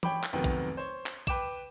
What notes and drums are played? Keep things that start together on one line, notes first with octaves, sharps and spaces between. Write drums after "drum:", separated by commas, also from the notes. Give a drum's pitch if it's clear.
C#5 G5 B5 D6, drum: tom E3
drum: clap
F1 C3 D#3 F#3 B3 G5
drum: kick, hi-hat
C5 C#5
drum: clap
B4 G5 D6 E7, drum: kick, hi-hat